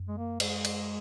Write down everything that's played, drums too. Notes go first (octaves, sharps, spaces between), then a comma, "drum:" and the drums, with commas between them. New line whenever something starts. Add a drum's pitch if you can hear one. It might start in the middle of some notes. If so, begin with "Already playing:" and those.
Already playing: F#2
G#3
A#3
G#3, drum: cymbal
drum: cymbal